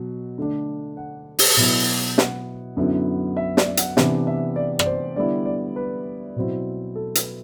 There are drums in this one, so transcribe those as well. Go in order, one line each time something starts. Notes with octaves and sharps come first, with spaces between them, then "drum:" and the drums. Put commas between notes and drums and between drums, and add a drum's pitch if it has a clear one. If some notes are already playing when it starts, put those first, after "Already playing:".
Already playing: B2 F#3
D3 A3 D4
F#5
drum: open hi-hat
B2 F#3 B3 E4
F#5, drum: snare
F#2 D3 F#3 B3 E4
E5
D5, drum: snare
F#5, drum: hi-hat
C3 E3 B3 D4, drum: snare
E5
D5
D5, drum: rim click
C5
D3 G3 B3 E4 D5
D5
B4
B2 F#3 C4 E4
A4
B4, drum: hi-hat